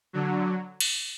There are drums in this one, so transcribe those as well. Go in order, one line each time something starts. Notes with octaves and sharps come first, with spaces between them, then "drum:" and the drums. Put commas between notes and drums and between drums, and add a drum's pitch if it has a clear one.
D3 F#3
drum: cymbal